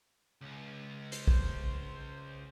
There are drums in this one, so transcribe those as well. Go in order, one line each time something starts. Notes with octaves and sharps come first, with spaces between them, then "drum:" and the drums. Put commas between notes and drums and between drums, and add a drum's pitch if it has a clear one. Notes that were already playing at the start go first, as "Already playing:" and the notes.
C#2
C5, drum: hi-hat
drum: kick